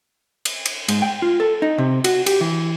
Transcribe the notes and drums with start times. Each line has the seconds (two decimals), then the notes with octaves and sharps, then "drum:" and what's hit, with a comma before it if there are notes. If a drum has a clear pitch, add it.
0.45 drum: cymbal
0.66 drum: cymbal
0.88 G#2, drum: cymbal
1.02 G5
1.22 F4
1.40 A4
1.62 D#4
1.78 C3
2.04 F#4, drum: cymbal
2.26 G4, drum: cymbal
2.41 E3